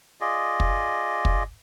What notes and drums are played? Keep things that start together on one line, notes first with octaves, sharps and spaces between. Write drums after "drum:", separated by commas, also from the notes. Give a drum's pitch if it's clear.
F4 G#4 D5 D#5
drum: kick
drum: kick